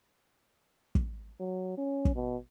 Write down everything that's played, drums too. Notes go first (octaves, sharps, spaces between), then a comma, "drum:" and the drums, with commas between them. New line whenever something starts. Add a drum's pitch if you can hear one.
drum: kick
F#3
C#4
drum: kick
B2